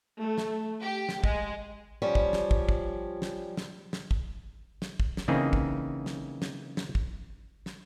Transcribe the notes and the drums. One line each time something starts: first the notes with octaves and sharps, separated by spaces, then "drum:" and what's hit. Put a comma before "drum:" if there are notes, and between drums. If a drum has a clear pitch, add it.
A3
drum: snare
G4
drum: snare
G#3, drum: kick
F3 G3 C#4
drum: kick
drum: snare
drum: kick
drum: kick
drum: snare
drum: snare
drum: snare
drum: kick
drum: snare
drum: kick
drum: snare
C#3 E3 A#3 C4 D#4 G#4
drum: kick
drum: snare
drum: snare
drum: snare
drum: kick
drum: snare